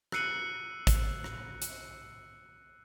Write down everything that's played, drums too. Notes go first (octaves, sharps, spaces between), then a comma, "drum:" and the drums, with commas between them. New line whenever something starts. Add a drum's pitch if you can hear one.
E6 F#6 C7 C#7 D#7 F#7, drum: rim click
drum: kick, hi-hat
drum: rim click
drum: hi-hat